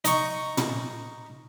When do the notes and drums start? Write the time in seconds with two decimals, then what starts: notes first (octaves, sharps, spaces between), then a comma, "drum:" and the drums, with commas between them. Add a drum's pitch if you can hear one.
0.05 D#4 C#6, drum: hi-hat
0.57 drum: tom